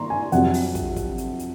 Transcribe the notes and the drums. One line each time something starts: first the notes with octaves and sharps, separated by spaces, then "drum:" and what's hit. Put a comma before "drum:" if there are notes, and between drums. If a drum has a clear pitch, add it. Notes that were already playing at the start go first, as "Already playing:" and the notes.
Already playing: D#3 A#3 A#5 C6 C#6
G#5
F2 C3 F#3 C4 F#5, drum: hi-hat
drum: open hi-hat
drum: kick, hi-hat
drum: kick, hi-hat
drum: hi-hat
drum: hi-hat